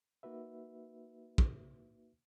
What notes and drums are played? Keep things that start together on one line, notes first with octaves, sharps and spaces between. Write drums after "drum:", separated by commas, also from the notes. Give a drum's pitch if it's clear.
A#3 D#4 F#4 B4 E5
drum: kick